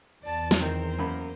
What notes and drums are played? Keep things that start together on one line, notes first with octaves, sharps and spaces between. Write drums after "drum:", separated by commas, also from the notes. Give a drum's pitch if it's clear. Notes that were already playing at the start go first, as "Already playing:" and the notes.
E2 D5 A5
drum: snare
D#3 C4 A#4 C5
F#2 A#3 B5